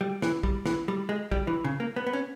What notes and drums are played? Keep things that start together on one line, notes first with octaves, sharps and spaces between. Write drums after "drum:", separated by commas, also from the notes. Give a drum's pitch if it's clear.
G3
E3, drum: snare
G3, drum: kick
E3, drum: snare
G3
G#3
G3, drum: kick
E3
C#3
A#3
B3
B3
C#4